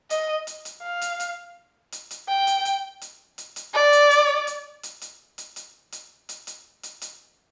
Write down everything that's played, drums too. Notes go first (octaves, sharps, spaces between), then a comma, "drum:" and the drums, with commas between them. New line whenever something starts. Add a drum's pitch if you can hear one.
D#5, drum: hi-hat
drum: hi-hat
drum: hi-hat
F5
drum: hi-hat
drum: hi-hat
drum: hi-hat
drum: hi-hat
G5
drum: hi-hat
drum: hi-hat
drum: hi-hat
drum: hi-hat
drum: hi-hat
D5
drum: hi-hat
drum: hi-hat
drum: hi-hat
drum: hi-hat
drum: hi-hat
drum: hi-hat
drum: hi-hat
drum: hi-hat
drum: hi-hat
drum: hi-hat
drum: hi-hat
drum: hi-hat